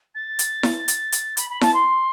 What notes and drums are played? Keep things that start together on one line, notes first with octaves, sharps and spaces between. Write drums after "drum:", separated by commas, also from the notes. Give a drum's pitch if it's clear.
A6
drum: hi-hat
drum: snare E4
drum: hi-hat
drum: hi-hat
B5, drum: hi-hat
B5
A5, drum: snare E4
C6